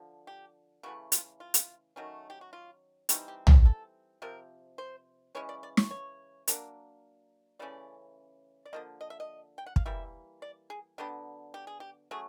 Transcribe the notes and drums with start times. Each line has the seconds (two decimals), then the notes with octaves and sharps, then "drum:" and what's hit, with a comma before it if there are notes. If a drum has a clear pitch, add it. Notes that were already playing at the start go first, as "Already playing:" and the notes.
Already playing: D3 F3
0.27 G4
0.83 C#3 E3 A3 F#4
1.12 F4, drum: hi-hat
1.40 F4
1.54 drum: hi-hat
1.96 D#3 F#3 A3 C#4
2.30 G4
2.41 F#4
2.53 F4
3.09 E3 G3 C4 D#4 F#4, drum: hi-hat
3.28 G4
3.47 G#4, drum: tom
3.65 A4
4.22 C3 F3 A#4
4.78 C5
5.35 C#3 E3 G#3 C#4 C#5
5.49 D5
5.63 D5
5.77 C#5, drum: snare
5.91 C#5
6.48 F#3 A#3 D4, drum: hi-hat
7.59 C#3 E3 A3 C#4 D5
8.65 D5
8.73 D3 F3 A#3 D#5
9.01 D#5
9.10 E5
9.20 D#5
9.58 G5
9.66 F#5
9.76 F5, drum: kick
9.86 E3 G3 A#3 E5
10.42 D5
10.70 G#4
10.98 D3 F#3 B3 D4 G4
11.54 G4
11.67 G#4
11.80 G4
12.11 F#3 A3 C#4 G#4